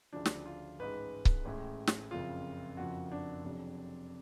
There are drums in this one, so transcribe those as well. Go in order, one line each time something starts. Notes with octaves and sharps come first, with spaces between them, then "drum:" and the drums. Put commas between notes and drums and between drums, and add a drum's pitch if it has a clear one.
D2 C#3 F3 D4
drum: snare
F4
A1 G#2 G#3 B4
drum: kick C#1
A1 A2 G#3
drum: snare
F#1 F2 C#3 F4
F#1 F2 F3 F#4
D4
F1 F2 C#3 F#3